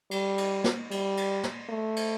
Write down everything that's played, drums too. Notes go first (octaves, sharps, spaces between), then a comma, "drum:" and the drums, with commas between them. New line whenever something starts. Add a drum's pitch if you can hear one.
G3, drum: cymbal
drum: cymbal
drum: snare
G3, drum: cymbal
drum: cymbal
drum: snare
A3
drum: cymbal